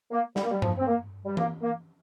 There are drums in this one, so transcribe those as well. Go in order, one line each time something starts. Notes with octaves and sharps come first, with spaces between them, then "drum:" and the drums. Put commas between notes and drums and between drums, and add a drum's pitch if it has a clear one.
A#3
G3, drum: snare
A#3
G3
F3, drum: tom G2
C4
A#3
G3
A#3, drum: tom E3
A#3